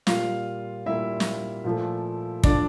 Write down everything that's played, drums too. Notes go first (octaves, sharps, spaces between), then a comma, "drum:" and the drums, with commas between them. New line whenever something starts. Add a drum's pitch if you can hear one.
A#2 G3 A#3 F4 F5, drum: snare
A#2 G3 A#3 E4 E5
drum: snare
A#2 F3 A3
A#2 F3 A3 D4 D5, drum: kick